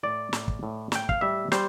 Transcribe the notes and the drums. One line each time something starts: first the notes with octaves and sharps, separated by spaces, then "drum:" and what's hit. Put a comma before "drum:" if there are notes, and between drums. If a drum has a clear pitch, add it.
A2 D5
A2, drum: snare
drum: kick
A2
A2 G5, drum: snare
F5, drum: kick
G3 E5
G3 C5, drum: snare